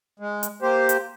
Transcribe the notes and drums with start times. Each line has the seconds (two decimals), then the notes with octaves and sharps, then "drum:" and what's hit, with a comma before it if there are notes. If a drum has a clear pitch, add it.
0.20 G#3
0.43 drum: hi-hat
0.62 A#3 G4 C5
0.89 drum: hi-hat